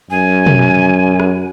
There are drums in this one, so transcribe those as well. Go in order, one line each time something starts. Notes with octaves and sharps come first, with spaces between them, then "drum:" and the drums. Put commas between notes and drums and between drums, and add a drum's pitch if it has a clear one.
F#2 G#5
drum: tom B2
drum: rim click